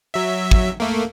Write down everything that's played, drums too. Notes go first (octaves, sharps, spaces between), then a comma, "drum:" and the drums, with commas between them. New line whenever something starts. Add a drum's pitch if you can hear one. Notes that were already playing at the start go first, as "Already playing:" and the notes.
F#3 E5
drum: kick
A3 A#3